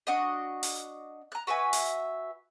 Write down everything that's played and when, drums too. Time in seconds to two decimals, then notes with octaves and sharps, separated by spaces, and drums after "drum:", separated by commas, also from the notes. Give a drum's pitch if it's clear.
0.07 D4 F#4 D#5
0.63 drum: open hi-hat
1.32 A#5 F#6
1.47 F#4 B4 E5 G#5
1.73 drum: open hi-hat